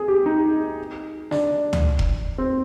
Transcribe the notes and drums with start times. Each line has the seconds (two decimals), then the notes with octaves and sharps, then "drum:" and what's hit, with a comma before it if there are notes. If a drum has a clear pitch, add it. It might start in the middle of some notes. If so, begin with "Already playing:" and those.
Already playing: G#4
0.08 G4
0.26 D#4
1.31 D4, drum: snare
1.73 drum: tom D2
1.99 drum: kick F1
2.38 C4